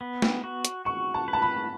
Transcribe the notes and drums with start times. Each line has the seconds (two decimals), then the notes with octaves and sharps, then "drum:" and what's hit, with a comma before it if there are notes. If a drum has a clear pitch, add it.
0.01 B3
0.22 drum: snare
0.44 F#4
0.65 drum: hi-hat
0.85 F#4 C#6
1.14 A5
1.28 B4
1.33 A5
1.42 B5